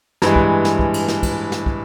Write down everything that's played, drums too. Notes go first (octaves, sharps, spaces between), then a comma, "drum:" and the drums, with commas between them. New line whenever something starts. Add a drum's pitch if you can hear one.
G2 E3 G#3, drum: snare
drum: kick
drum: snare
drum: kick
drum: cymbal
drum: snare
drum: kick, cymbal
drum: snare
drum: kick